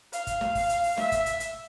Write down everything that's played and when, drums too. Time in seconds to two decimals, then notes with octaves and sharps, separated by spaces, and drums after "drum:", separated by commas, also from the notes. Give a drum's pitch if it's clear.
0.13 F5, drum: hi-hat
0.27 drum: kick, hi-hat
0.41 drum: snare
0.55 drum: kick, open hi-hat
0.69 drum: hi-hat
0.83 drum: open hi-hat
0.97 E5, drum: snare
1.12 drum: kick, hi-hat
1.26 drum: hi-hat
1.40 drum: hi-hat